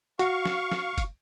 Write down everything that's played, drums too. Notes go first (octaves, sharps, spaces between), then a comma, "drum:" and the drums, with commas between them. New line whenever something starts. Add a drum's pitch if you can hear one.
F#4 F5 C#6, drum: hi-hat
drum: snare
drum: snare
drum: kick, hi-hat